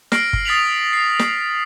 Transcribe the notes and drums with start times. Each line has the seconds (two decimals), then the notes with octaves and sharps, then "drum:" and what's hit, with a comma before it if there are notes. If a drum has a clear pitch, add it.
0.12 F6 A#6 C7 D7 F#7, drum: snare
0.33 drum: kick
0.45 D#6 A6 B6 C7 F7 F#7
0.93 C7
1.19 drum: snare